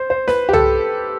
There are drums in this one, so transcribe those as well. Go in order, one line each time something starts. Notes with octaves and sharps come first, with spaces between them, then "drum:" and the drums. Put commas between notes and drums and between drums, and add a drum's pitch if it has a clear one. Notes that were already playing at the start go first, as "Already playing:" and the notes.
Already playing: C5
C5
B4, drum: snare
G4
A4, drum: tom